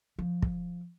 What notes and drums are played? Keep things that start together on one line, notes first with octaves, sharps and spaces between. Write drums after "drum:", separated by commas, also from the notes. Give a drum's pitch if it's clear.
F3
drum: kick